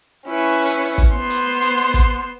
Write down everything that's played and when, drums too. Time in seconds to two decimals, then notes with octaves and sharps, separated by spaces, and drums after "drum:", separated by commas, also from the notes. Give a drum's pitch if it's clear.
0.28 C#4 E4 B4 C#6
0.66 drum: hi-hat
0.82 drum: open hi-hat
0.98 drum: kick, hi-hat
1.14 B3 C5 C6
1.30 drum: hi-hat
1.62 drum: hi-hat
1.78 drum: open hi-hat
1.94 drum: kick, hi-hat